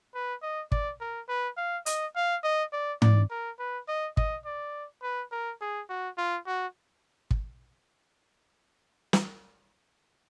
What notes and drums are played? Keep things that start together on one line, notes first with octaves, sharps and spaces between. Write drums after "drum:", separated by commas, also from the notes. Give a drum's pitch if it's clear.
B4
D#5
D5, drum: kick
A#4
B4
F5
D#5, drum: hi-hat
F5
D#5
D5
D5, drum: tom G#2
A#4
B4
D#5
D#5, drum: kick
D5
B4
A#4
G#4
F#4
F4
F#4
drum: kick
drum: snare